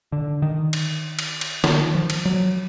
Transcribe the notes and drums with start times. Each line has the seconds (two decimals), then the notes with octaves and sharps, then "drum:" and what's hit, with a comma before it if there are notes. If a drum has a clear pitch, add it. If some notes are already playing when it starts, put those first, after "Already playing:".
0.12 D3
0.42 D#3
0.73 drum: cymbal
1.19 drum: cymbal
1.41 drum: cymbal
1.64 D#3, drum: snare
1.95 F3
2.10 drum: cymbal
2.25 F#3